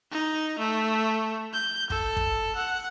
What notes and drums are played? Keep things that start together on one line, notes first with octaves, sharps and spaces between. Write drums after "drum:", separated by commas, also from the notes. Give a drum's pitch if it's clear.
D#4
A3
G6
A4, drum: kick
drum: kick
F#5